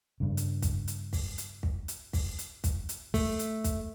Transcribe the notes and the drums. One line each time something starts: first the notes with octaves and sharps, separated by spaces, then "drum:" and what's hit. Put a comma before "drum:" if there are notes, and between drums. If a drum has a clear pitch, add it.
G2 C#3
drum: hi-hat
drum: kick, hi-hat
drum: hi-hat
drum: kick, open hi-hat
drum: hi-hat
drum: kick
drum: hi-hat
drum: kick, open hi-hat
drum: hi-hat
drum: kick, hi-hat
drum: hi-hat
A3, drum: kick, open hi-hat
drum: hi-hat
drum: kick, hi-hat